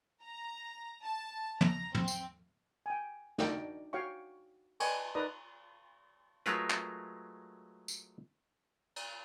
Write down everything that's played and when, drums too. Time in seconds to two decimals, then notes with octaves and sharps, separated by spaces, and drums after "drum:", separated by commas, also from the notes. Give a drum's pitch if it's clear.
0.23 A#5
1.04 A5
1.61 A#5, drum: tom
1.94 C4, drum: tom
2.08 drum: tambourine
2.86 G5 G#5
3.38 D4 D#4 F#4 A#4 D5 G5, drum: snare
3.93 F#4 C#5 F5 G5 C#6
4.80 B4 D5 D#5 G5 G#5 C#6, drum: cymbal
5.15 D#4 A#4 B4 D5 A#5 D#6
6.46 F#3 G#3 A3 F4 A#4 B4, drum: hi-hat
6.70 drum: clap
7.88 drum: tambourine
8.96 drum: cymbal